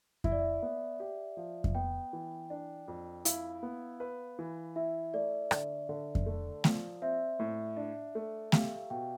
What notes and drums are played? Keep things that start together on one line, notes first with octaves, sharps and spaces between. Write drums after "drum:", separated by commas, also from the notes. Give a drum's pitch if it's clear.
E4 E5, drum: kick F2
D5
E5
B3
G4
F3
drum: kick F2
B3 G5
E3
D4
F2
E4 F5, drum: hi-hat
B3
B4
E3
E4 E5
A3 D5
D3 D5, drum: rim click
D3
drum: kick F2
A3
F3, drum: snare A3
C4 E5
A2
D4
A3
G4 F5, drum: snare A3
B2 G5